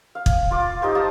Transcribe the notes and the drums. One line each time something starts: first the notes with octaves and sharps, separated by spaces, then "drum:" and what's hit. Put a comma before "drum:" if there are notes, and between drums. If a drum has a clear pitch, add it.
F5
drum: kick
F4 D6
D#4 G4 C5
F3 A5 A#5 D6